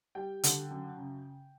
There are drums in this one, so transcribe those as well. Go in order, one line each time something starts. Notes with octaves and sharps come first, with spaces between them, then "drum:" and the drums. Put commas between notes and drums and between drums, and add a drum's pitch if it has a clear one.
G3 G5
D3, drum: hi-hat
F#2
C#3